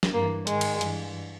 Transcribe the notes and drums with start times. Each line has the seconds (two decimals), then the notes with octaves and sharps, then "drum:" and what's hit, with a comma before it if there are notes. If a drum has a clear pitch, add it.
0.03 drum: snare
0.13 G2 E3 A#3
0.47 G#2 D#3 G#3, drum: hi-hat
0.61 drum: cymbal
0.81 G2 E3, drum: hi-hat